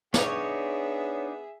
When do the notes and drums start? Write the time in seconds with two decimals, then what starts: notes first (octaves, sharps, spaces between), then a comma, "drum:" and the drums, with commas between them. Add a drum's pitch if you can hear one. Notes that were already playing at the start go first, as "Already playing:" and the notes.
0.14 B3 D4 D#4 G#4 C#5 E5, drum: snare